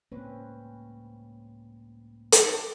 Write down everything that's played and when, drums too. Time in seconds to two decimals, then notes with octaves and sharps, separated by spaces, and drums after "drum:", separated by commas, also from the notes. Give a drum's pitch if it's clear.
0.12 C#2 A2 A#3 C4 C#4 B4
2.32 drum: hi-hat